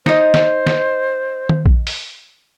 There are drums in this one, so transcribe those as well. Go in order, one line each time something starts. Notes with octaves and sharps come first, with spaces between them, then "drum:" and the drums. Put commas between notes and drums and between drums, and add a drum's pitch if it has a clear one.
D#4 C5 D#5, drum: snare
drum: snare
drum: snare
drum: tom D#3
drum: kick A#1
drum: open hi-hat